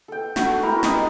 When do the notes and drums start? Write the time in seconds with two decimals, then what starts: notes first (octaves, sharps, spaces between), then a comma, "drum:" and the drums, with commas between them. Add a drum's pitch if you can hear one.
0.08 A4 G5
0.36 A3 F#4, drum: snare
0.62 E4 G4 A#4
0.83 G4 D#5, drum: snare